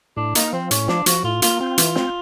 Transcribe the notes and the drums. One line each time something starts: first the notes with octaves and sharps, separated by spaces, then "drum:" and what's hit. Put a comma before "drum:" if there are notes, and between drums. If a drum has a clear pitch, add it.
A2 D4
A#3 D#4, drum: hi-hat
F3 C4
A2 C#4, drum: hi-hat
F3 D4, drum: snare
F3 F#4, drum: hi-hat
A2 F4
A#3 F4, drum: hi-hat
C4 F4
E3, drum: hi-hat
C4, drum: snare